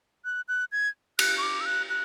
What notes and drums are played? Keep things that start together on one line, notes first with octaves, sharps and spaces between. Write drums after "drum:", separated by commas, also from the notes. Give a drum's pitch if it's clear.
F#6
F#6
G#6
F#6, drum: cymbal
C#6
D6
E6
F#6
F#6